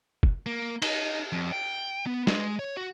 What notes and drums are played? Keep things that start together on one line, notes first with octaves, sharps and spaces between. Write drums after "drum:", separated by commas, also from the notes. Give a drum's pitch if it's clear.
drum: kick
A#3
D#4, drum: cymbal
F2
G5
B3
G#3, drum: snare
C#5
F#4